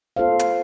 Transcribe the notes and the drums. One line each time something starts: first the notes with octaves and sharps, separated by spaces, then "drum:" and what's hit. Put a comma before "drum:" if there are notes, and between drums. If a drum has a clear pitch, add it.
B3 F4 A4 C5 F5
drum: hi-hat